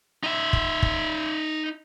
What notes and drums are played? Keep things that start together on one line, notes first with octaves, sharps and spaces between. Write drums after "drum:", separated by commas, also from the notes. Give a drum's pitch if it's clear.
D#4 E5
drum: kick
drum: kick